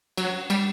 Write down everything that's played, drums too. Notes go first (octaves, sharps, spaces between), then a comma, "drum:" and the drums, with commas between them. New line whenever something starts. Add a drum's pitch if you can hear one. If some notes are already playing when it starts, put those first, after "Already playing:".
F#3, drum: cymbal
G3, drum: cymbal